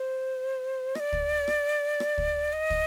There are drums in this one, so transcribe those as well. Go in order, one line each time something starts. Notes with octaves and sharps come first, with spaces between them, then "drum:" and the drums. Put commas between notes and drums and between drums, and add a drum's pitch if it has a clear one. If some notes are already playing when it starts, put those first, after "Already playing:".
Already playing: C5
D#5, drum: rim click
D5
drum: kick
drum: rim click
drum: rim click
drum: kick
D#5
drum: kick